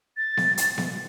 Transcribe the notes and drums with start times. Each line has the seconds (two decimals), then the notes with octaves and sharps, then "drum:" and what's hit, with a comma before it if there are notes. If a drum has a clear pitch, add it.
0.17 A6
0.37 drum: snare B3
0.57 drum: hi-hat
0.78 drum: snare B3